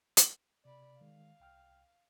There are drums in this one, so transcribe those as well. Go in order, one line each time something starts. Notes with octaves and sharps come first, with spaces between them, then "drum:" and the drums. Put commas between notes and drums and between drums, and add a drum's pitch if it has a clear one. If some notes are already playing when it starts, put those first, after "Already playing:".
drum: hi-hat
C3 D5 B5
D#3 G#3 F5
C2 G5 F6